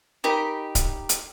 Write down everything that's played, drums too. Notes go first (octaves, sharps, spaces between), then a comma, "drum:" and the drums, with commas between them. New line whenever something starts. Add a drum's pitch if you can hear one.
D#4 G4 A#4 B5
drum: kick C#1, hi-hat
drum: hi-hat